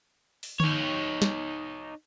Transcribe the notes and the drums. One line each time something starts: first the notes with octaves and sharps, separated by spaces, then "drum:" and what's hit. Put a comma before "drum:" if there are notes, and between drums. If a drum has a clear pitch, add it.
drum: open hi-hat
D#4 C#5, drum: tom D3
drum: snare